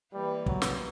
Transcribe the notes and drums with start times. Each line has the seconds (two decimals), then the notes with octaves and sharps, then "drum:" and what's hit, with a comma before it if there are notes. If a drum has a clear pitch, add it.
0.13 E3 G3 A#3 B4
0.46 F#3, drum: kick
0.62 drum: snare